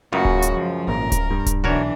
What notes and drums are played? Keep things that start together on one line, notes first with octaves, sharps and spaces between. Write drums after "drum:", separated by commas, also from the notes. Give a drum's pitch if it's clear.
C#2 F#2 C#3 A#3 F#4
drum: kick D1
drum: hi-hat
F3
G#1 A#2 A#4
drum: kick D1, hi-hat
G2
drum: kick D1, hi-hat
B1 E3 D4 F#4 A#4 C#5